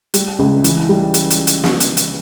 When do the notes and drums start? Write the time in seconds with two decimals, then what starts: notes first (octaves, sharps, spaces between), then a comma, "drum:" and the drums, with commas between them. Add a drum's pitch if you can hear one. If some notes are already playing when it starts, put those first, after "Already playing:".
0.14 G3, drum: hi-hat
0.39 C#2
0.64 E3, drum: hi-hat
0.89 G3
1.14 drum: hi-hat
1.30 drum: hi-hat
1.47 drum: hi-hat
1.64 drum: snare
1.80 drum: hi-hat
1.97 drum: hi-hat